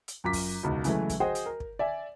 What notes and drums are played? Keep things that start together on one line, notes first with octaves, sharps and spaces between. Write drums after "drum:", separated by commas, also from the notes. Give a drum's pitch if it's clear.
drum: hi-hat
F#2 F4 A#5 D6 B6
drum: kick, open hi-hat
E1 C#2 D#4
C#3 E3 F#3 G#3 A3, drum: hi-hat
drum: kick, hi-hat
F#4 G#4 C5 D#5 F#5 G5
drum: hi-hat
A#4
drum: kick
D5 E5 G#5